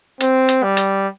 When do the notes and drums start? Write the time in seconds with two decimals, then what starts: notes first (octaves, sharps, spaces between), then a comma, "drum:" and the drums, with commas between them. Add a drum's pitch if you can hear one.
0.21 C4, drum: hi-hat
0.49 drum: hi-hat
0.63 G3
0.77 drum: hi-hat